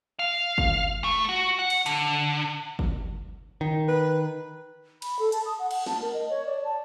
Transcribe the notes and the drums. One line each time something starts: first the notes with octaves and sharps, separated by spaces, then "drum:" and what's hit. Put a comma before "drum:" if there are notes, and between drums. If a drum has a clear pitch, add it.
F5
drum: kick
A3
F#4
F#5
drum: cymbal
D3, drum: hi-hat
drum: kick
D#3
B4
B5, drum: cymbal
A4
A5, drum: hi-hat
D#6
F#5
F#5, drum: cymbal
A5, drum: snare
A#4
D#5
C#5
D5
A5